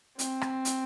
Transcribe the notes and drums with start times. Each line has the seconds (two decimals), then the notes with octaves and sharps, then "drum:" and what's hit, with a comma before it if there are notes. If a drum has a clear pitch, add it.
0.19 C4, drum: hi-hat
0.41 drum: rim click
0.65 drum: hi-hat